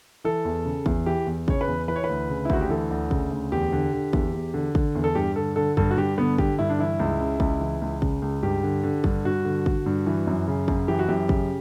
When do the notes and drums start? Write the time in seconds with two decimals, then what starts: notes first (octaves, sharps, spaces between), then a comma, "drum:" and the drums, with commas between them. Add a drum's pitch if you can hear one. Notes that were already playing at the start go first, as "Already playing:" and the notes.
0.24 E3 A4
0.45 E2
0.65 C#3
0.86 E2, drum: kick
1.06 E3 G4
1.26 E2
1.48 C#3 C#5, drum: kick
1.61 B4
1.67 E2
1.88 E3 B4
1.96 C#5
2.04 B4
2.09 D2
2.29 C#3
2.45 E4
2.50 D2 F#4, drum: kick
2.61 G4
2.70 E3 A4
2.91 D2
3.11 C#3, drum: kick
3.31 D2
3.52 E2 G4
3.72 D3
3.93 D3
4.13 E2, drum: kick
4.33 E2
4.54 D3
4.75 D3, drum: kick
4.95 E2
5.04 A4
5.15 G2 G4
5.36 D3 A4
5.56 D3 A4
5.77 G2 A4, drum: kick
5.91 F#4
5.97 G2 G4
6.17 D3 B3
6.38 D3 G4, drum: kick
6.59 G2 E4
6.70 D4
6.79 E3 E4
7.00 C#2
7.20 C#3
7.40 C#2, drum: kick
7.61 E3
7.82 C#2
8.02 C#3, drum: kick
8.22 C#2
8.43 G2 G4
8.63 D3
8.83 D3
9.04 G2, drum: kick
9.25 G2 F#4
9.45 D3
9.66 D3, drum: kick
9.86 G2
10.06 E3
10.27 F#2
10.47 C#3
10.68 F#2, drum: kick
10.88 E3 G4
10.99 F#4
11.08 F#2 G4
11.29 C#3, drum: kick